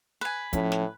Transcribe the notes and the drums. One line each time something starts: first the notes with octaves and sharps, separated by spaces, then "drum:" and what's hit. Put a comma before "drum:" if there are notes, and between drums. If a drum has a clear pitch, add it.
B4 G#5
A2 F3 C#4, drum: kick, hi-hat
drum: snare